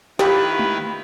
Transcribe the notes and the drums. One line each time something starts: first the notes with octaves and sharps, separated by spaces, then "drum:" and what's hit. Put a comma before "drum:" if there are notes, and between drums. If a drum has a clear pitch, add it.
D#3 E4 F4 G4 B4 B5, drum: snare
drum: tom G#3